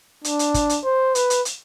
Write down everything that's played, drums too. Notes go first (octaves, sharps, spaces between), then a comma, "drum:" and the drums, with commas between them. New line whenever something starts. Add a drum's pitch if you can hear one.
D4, drum: hi-hat
drum: hi-hat
drum: kick, hi-hat
drum: hi-hat
C5
B4, drum: hi-hat
drum: hi-hat
drum: hi-hat